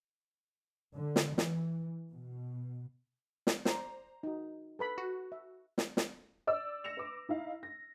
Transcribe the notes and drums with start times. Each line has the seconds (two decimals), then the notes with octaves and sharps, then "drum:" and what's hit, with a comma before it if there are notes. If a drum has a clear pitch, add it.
0.94 D3
1.16 drum: snare
1.38 E3, drum: snare
2.12 B2
3.47 drum: snare
3.65 C5 D5 A#5, drum: snare
4.23 D#4 F#4
4.79 A4 B4 B5
4.98 F#4
5.32 E5
5.78 drum: snare
5.97 drum: snare
6.47 D5 E6
6.84 A#6 C#7 E7 F7
6.97 B4 D6
7.29 D#4 E4 F5
7.63 A#6